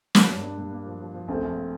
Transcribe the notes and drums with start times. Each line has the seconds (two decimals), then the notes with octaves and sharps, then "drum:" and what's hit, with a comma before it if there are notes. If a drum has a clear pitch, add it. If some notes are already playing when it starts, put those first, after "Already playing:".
0.15 A#3, drum: snare
0.29 G2
0.43 D4
0.58 G2
0.71 A#3
0.86 F3
1.00 F3
1.14 F3
1.28 A#1 A3 C4
1.43 A#1